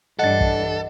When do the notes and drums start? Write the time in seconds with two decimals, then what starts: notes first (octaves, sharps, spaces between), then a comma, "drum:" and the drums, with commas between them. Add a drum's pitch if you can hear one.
0.19 G2 E3 D4 A4 D#5 F#5 A6
0.41 drum: kick